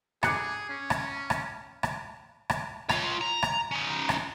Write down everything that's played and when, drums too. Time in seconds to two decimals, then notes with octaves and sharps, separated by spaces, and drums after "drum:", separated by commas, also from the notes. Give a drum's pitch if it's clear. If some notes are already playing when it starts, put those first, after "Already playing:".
0.23 G#4 D6 F#6 C#7, drum: rim click
0.69 C#4
0.90 drum: rim click
1.30 drum: rim click
1.83 drum: rim click
2.50 drum: rim click
2.89 F4 C#5, drum: rim click
3.21 A#5
3.43 drum: rim click
3.71 C#4 D#4
4.09 drum: rim click